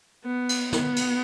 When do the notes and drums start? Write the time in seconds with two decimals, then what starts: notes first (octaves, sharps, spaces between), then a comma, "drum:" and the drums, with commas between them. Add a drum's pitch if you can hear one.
0.25 B3
0.49 drum: cymbal
0.72 B3, drum: snare
0.96 drum: cymbal